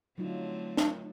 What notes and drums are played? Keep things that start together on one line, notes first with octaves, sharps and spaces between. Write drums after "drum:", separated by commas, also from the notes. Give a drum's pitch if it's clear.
D3 F#3 A3 C4 D#4 F4
drum: snare